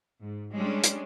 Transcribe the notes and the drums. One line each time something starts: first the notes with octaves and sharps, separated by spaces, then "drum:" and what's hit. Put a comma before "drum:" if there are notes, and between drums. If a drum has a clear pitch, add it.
G#2
G3 G#3 C#4 D4
drum: hi-hat